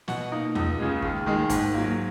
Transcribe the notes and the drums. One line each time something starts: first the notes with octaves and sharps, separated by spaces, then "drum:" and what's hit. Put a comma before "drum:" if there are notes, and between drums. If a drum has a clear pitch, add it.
B2 F#5, drum: snare
A#3 D#4
C#2, drum: tom E2
C#3 G#3
D#2, drum: kick
D#3 G#3
G#2, drum: kick, hi-hat
F#3 A#3